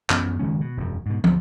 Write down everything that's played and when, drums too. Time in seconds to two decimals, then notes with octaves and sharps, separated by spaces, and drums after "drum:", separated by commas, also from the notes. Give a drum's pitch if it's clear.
0.10 F#2 E3 B3 C#4, drum: clap
0.39 F#1 D#3 G#3 C#4
0.61 B2
0.77 E1 F#2
1.06 G#2 B2
1.24 D2 F3, drum: tom